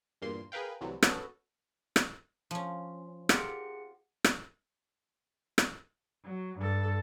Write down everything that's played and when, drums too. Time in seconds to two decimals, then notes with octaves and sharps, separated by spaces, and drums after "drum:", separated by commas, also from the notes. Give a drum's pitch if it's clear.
0.22 E2 G2 A#2 A#3 C6
0.52 G#4 A#4 B4 F5 G5
0.81 C2 A2 C3 E3 F#3 G3
1.03 B3 C#4 F#4 A4, drum: rim click
1.96 drum: rim click
2.51 F3 C#4
3.29 F4 G4 G#4 A#4 F#5 C#7, drum: rim click
4.24 drum: rim click
5.58 drum: rim click
6.25 F#3
6.60 G2 A4